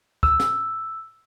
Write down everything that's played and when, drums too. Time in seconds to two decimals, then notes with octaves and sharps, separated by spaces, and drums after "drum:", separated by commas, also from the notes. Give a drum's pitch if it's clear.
0.23 E6, drum: kick
0.40 drum: snare